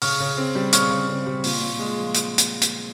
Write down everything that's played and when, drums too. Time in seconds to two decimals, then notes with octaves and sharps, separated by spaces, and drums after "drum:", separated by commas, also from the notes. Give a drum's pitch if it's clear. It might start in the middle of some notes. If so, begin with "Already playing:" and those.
0.02 C#3 C#6 F6, drum: open hi-hat
0.20 C#3
0.37 C4
0.55 G3
0.73 C#3 C#6 F6, drum: hi-hat
0.90 C#3
1.08 C4
1.26 G3
1.44 A#2, drum: open hi-hat
1.61 A#2
1.79 G#3
1.97 F3
2.15 drum: hi-hat
2.38 drum: hi-hat
2.62 drum: hi-hat